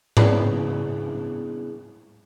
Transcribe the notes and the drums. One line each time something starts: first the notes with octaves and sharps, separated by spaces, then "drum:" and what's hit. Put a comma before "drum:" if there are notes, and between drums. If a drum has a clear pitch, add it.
C#3 B3 D4 E4 G#4, drum: tom G#2